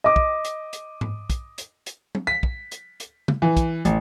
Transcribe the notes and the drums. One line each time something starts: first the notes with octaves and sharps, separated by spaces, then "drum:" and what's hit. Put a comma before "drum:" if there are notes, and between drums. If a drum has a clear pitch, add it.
D#5 D6
drum: kick
drum: hi-hat
drum: hi-hat
drum: tom G#2
drum: kick, hi-hat
drum: hi-hat
drum: hi-hat
drum: tom
B6
drum: kick
drum: hi-hat
drum: hi-hat
drum: tom
E3
drum: kick, hi-hat
A1, drum: hi-hat